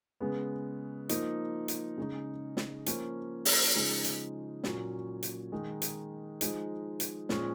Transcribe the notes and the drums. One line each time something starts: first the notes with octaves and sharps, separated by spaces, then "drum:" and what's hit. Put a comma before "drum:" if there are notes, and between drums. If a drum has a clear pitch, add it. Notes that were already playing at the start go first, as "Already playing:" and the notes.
C#3 G#3 B3
F3 A#3 D#4, drum: hi-hat
drum: hi-hat
C#3 G#3 D#4
drum: snare
F3 A#3 C#4, drum: hi-hat
drum: open hi-hat
C#3 F3 G#3 D#4
drum: hi-hat
A#2 F#3 A#3 C#4, drum: snare
drum: hi-hat
D#3 G#3 D#4
drum: hi-hat
F3 G#3 D#4, drum: hi-hat
drum: hi-hat
A#2 F3 G#3 C#4, drum: snare